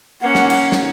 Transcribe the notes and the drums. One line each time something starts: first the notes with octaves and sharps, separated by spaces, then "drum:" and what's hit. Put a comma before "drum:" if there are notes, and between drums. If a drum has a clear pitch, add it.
A#3 C#4 F#5
drum: snare
drum: cymbal
drum: snare